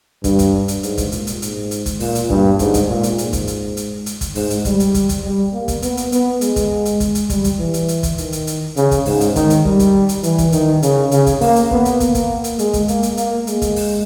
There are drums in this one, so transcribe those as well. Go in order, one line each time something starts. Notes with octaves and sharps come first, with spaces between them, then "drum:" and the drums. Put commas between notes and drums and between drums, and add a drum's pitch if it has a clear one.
G2, drum: kick, hi-hat
drum: kick, hi-hat
drum: hi-hat
G#2, drum: hi-hat
drum: kick, hi-hat
A#2, drum: hi-hat
drum: hi-hat
G#2, drum: hi-hat
drum: hi-hat
drum: kick, hi-hat
A#2, drum: open hi-hat
drum: hi-hat
G2, drum: kick
G#2, drum: kick, hi-hat
drum: kick, hi-hat
A#2
drum: hi-hat
G#2, drum: hi-hat
drum: kick, hi-hat
drum: hi-hat
drum: hi-hat
drum: hi-hat
drum: kick, hi-hat
G#2, drum: open hi-hat
drum: hi-hat
G3, drum: kick, hi-hat
drum: hi-hat
drum: kick, hi-hat
drum: kick, hi-hat
G3
A#3
drum: kick, hi-hat
B3, drum: hi-hat
drum: hi-hat
B3, drum: hi-hat
G#3, drum: hi-hat
drum: kick, hi-hat
drum: hi-hat
drum: kick, hi-hat
drum: hi-hat
G3, drum: kick, hi-hat
drum: kick, hi-hat
E3
drum: hi-hat
drum: hi-hat
drum: kick, hi-hat
D#3, drum: hi-hat
drum: hi-hat
drum: hi-hat
C#3, drum: hi-hat
drum: kick, hi-hat
G#2, drum: open hi-hat
drum: hi-hat
D#3, drum: kick, hi-hat
drum: hi-hat
G3, drum: kick
drum: kick, hi-hat
drum: hi-hat
E3, drum: hi-hat
drum: kick, hi-hat
D#3, drum: hi-hat
C#3, drum: hi-hat
C#3, drum: hi-hat
drum: kick, hi-hat
A#3, drum: open hi-hat
drum: hi-hat
B3, drum: kick
drum: hi-hat
A#3, drum: kick, hi-hat
drum: kick, hi-hat
drum: hi-hat
G#3, drum: hi-hat
drum: kick, hi-hat
A#3, drum: hi-hat
drum: hi-hat
A#3, drum: hi-hat
G#3, drum: hi-hat
drum: kick, hi-hat
drum: open hi-hat